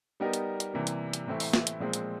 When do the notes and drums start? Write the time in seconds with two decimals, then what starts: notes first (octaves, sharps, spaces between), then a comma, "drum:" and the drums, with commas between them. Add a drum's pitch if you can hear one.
0.20 G3 B3 D#4 G4 A#4
0.33 drum: hi-hat
0.60 drum: hi-hat
0.74 C3 E3 G3 A#3
0.87 drum: hi-hat
1.13 drum: hi-hat
1.27 A2 E3 A3 C4 E4
1.40 drum: open hi-hat
1.53 drum: snare
1.67 drum: hi-hat
1.80 A#2 F3 G#3 C4
1.93 drum: hi-hat